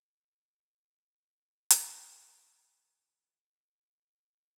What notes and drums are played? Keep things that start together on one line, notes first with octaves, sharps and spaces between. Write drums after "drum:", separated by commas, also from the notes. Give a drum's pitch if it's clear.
F2 A3 B3 F4 F#4
drum: hi-hat
F3 A#4